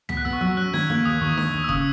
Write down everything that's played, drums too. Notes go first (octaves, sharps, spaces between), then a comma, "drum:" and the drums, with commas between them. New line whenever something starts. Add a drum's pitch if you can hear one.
B3 B6, drum: tom
F#6
B3 E6
C#6
F#3 E6
C#4 F#6
D#3 G#6, drum: snare D4
A#3 F#6
D#2 D#6
D#3 C#6
D#2 D#6, drum: snare D4
D#2
E6
C#3 D#6, drum: kick F1